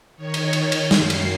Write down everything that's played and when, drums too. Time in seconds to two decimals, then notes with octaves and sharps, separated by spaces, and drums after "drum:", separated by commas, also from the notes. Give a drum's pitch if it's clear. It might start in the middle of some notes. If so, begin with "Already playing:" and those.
0.16 D#3 C#5
0.34 drum: cymbal
0.53 drum: cymbal
0.72 drum: cymbal
0.91 F#2 C7, drum: snare
1.10 drum: cymbal